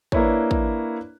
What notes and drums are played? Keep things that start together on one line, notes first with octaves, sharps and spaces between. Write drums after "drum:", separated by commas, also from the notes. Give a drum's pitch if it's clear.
A#3 D4 E4 B4 C#5, drum: kick
drum: kick